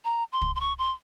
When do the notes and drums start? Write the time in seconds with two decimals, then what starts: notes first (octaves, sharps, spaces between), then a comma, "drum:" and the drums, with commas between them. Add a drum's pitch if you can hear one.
0.05 A#5
0.32 C6
0.42 drum: kick
0.55 C6
0.60 C#6
0.78 C6